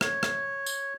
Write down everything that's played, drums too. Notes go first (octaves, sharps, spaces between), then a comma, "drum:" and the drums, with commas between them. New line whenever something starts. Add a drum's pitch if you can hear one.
C#5, drum: rim click
drum: rim click
drum: tambourine